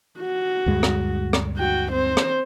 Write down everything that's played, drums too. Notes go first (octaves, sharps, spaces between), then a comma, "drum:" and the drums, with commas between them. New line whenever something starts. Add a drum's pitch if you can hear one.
F#4
D2 G2 G#3
drum: rim click
drum: rim click
F#4 G5
C4 C5
drum: rim click